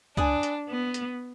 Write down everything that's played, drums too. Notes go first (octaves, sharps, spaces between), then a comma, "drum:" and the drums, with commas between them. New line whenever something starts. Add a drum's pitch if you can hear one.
D4 B4 D5 G#5 D#6, drum: kick C#2
drum: hi-hat
B3
drum: hi-hat